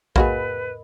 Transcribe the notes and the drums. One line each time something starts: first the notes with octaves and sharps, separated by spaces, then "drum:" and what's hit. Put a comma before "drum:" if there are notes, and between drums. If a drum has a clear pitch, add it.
A#3 F#4 G#4 A#4 B4 D#5 B5, drum: kick A#1